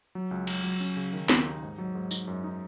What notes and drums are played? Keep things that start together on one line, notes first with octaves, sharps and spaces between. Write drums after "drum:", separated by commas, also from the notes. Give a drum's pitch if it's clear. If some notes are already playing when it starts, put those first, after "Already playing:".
F#3
C#2
F#3, drum: cymbal
F#3
C#4
C#3
D#3
D#2, drum: snare
D#4
G#2
F#3
G#2
D#4, drum: tambourine
F#2
D#4